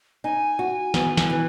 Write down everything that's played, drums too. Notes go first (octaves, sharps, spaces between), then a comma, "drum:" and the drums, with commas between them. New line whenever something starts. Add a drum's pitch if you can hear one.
D#4 G#5
F#4
B3, drum: snare
drum: snare
E3